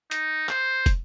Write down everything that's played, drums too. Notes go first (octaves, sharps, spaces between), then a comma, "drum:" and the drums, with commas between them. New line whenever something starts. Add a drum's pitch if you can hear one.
D#4, drum: hi-hat
C5, drum: clap
drum: kick, hi-hat